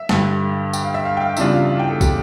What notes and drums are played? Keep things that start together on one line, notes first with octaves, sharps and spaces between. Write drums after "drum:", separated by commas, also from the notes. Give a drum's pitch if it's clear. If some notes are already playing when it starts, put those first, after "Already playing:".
Already playing: E5
G2 D3 G3, drum: snare
G5, drum: tambourine
F5
E5
F5
G5
F5
E2 C#3 G3 D4 F4 E5, drum: tambourine
F5
F5
G5
A4
G4, drum: kick, tambourine